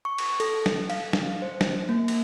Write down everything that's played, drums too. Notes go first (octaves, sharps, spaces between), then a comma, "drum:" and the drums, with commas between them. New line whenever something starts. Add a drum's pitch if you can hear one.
C#6
drum: cymbal
A4, drum: cymbal
drum: snare
F5, drum: cymbal
drum: snare
C5
drum: snare
A#3
drum: cymbal